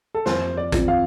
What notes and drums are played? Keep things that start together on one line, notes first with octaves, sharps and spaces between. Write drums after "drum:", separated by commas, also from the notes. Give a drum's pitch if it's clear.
A4
F2 C5, drum: snare
D5
F3 C4, drum: kick A1, hi-hat
F5